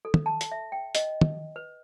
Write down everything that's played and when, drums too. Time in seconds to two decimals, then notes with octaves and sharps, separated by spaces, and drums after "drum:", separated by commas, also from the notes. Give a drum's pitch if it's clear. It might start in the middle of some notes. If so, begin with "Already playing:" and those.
0.05 A4
0.14 drum: tom
0.26 A5
0.41 drum: hi-hat
0.52 E5
0.72 G5
0.95 D#5, drum: hi-hat
1.21 drum: tom
1.56 B4